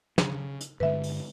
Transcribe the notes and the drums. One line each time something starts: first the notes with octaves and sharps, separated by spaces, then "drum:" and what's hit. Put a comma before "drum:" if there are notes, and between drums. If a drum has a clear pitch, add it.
C#3, drum: snare
drum: hi-hat
G2 D3 G#3 B4 E5
drum: open hi-hat